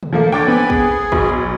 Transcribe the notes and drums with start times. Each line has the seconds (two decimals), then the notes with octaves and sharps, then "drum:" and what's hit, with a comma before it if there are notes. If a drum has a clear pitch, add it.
0.03 drum: tom
0.13 F3 A3 A#3
0.32 D3 D4 C#5 G5 D6 A6
0.48 B3 C4 B4 G#5
0.70 G#4, drum: kick
1.12 B1, drum: kick